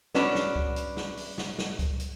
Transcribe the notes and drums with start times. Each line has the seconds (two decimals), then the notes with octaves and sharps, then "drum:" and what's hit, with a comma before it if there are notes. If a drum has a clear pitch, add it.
0.15 B3 C#4 D4 F#4 B4, drum: snare
0.35 drum: snare
0.56 drum: kick C#2
0.76 drum: hi-hat
0.97 drum: snare
1.17 drum: open hi-hat
1.38 drum: snare
1.58 drum: snare
1.79 drum: kick C#2, hi-hat
2.00 drum: hi-hat